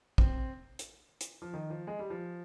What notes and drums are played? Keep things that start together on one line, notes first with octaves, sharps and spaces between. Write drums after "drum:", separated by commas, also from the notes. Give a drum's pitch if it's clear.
C4, drum: kick
drum: hi-hat
drum: hi-hat
F3
D#3
F3
G#3
G3
F3